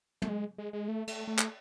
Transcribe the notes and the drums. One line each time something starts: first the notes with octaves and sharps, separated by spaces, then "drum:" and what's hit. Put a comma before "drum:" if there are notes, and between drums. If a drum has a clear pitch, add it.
A3, drum: tom
G#3
G#3
G#3
A3
A3, drum: cymbal
A3
drum: clap